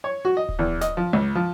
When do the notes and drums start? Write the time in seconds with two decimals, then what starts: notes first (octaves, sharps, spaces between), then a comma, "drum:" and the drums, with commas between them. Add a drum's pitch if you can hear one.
0.04 C#5
0.25 F#4
0.37 D#5
0.49 drum: kick D1
0.59 E2
0.81 D#5, drum: snare
0.97 F3
1.13 C#2
1.35 F3